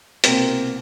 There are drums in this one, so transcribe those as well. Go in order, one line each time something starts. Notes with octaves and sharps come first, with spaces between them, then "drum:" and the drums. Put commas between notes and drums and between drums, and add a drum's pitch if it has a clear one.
C2 B2 A#3 C4, drum: hi-hat